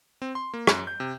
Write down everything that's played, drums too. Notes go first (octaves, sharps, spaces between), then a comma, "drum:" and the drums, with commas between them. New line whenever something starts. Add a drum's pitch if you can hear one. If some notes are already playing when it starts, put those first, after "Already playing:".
C4
C6
A#3
F#2, drum: rim click
G6
C3